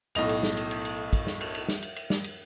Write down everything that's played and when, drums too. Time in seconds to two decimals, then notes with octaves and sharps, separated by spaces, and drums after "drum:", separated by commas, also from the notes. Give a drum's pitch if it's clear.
0.15 B1 A2 D#5 F7, drum: cymbal
0.29 drum: cymbal
0.43 drum: snare
0.57 drum: cymbal
0.71 drum: cymbal
0.85 drum: cymbal
1.13 drum: kick, cymbal
1.27 drum: snare
1.41 drum: cymbal
1.55 drum: cymbal
1.68 drum: snare
1.82 drum: cymbal
1.96 drum: cymbal
2.10 drum: snare
2.24 drum: cymbal